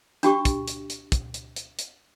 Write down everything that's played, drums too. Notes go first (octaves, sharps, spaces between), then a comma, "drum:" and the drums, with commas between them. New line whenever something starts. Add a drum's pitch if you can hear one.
D4 F#4 G4 C#6, drum: hi-hat
drum: kick, hi-hat
drum: hi-hat
drum: hi-hat
drum: kick, hi-hat
drum: hi-hat
drum: hi-hat
drum: hi-hat